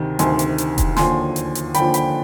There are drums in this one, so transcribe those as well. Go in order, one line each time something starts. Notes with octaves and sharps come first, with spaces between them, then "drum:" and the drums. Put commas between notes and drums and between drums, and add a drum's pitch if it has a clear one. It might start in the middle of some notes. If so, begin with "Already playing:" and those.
Already playing: D2 C3 D#3
D2 C3 D#3 G#5 C6, drum: hi-hat
drum: hi-hat
drum: hi-hat
drum: kick E1, hi-hat
D#2 D3 F3 G#5 C6, drum: snare
drum: hi-hat
drum: hi-hat
D#2 D3 F3 G5 B5, drum: hi-hat
G5 B5, drum: hi-hat